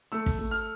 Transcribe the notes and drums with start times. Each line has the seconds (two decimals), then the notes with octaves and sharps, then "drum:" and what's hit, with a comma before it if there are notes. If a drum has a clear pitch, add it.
0.12 A3 E6
0.26 drum: kick
0.39 A3
0.51 F6